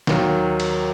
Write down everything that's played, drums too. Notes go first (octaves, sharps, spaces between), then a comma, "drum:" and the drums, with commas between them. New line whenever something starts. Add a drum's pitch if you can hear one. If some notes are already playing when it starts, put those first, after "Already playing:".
D#2 D#3 F#3, drum: snare
drum: cymbal